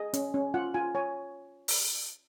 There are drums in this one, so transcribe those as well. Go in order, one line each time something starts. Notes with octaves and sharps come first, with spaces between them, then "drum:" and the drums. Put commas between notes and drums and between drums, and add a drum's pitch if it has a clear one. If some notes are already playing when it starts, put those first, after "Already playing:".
Already playing: G#4 D#5
C#4, drum: hi-hat
C#4
F4 F#5
F4 G#5
C#5 G#5
drum: open hi-hat